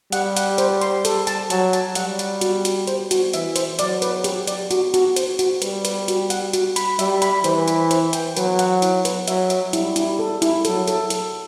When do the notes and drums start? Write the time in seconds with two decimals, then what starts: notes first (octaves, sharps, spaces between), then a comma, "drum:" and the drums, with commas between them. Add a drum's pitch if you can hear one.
0.12 G3 F#5, drum: hi-hat
0.36 F#5, drum: hi-hat
0.58 C5, drum: hi-hat
0.81 C6, drum: hi-hat
1.05 A4, drum: hi-hat
1.27 A5, drum: hi-hat
1.50 F#3 A5, drum: hi-hat
1.73 A5, drum: hi-hat
1.95 G3 F#5, drum: hi-hat
2.19 F#5, drum: hi-hat
2.41 F#4, drum: hi-hat
2.65 F#4, drum: hi-hat
2.87 C5, drum: hi-hat
3.11 F#4, drum: hi-hat
3.33 E3 E5, drum: hi-hat
3.56 C5, drum: hi-hat
3.79 F#3 D5, drum: hi-hat
4.02 B4, drum: hi-hat
4.24 G4, drum: hi-hat
4.47 D5, drum: hi-hat
4.71 F#4, drum: hi-hat
4.94 F#4, drum: hi-hat
5.16 C5, drum: hi-hat
5.39 F#4, drum: hi-hat
5.62 G3 B4, drum: hi-hat
5.85 B4, drum: hi-hat
6.08 F#4, drum: hi-hat
6.30 F#5, drum: hi-hat
6.53 F#4, drum: hi-hat
6.76 B5, drum: hi-hat
6.99 G3 E5, drum: hi-hat
7.22 B5, drum: hi-hat
7.44 E3 C5, drum: hi-hat
7.68 B5, drum: hi-hat
7.91 C5, drum: hi-hat
8.13 G5, drum: hi-hat
8.37 F#3 B4, drum: hi-hat
8.59 F#5, drum: hi-hat
8.82 E4, drum: hi-hat
9.05 B4, drum: hi-hat
9.27 F#3 E5, drum: hi-hat
9.50 E5, drum: hi-hat
9.73 G3 E4, drum: hi-hat
9.96 E4, drum: hi-hat
10.19 A4
10.42 E4, drum: hi-hat
10.65 F#3 A4, drum: hi-hat
10.87 A4, drum: hi-hat
11.10 A4, drum: hi-hat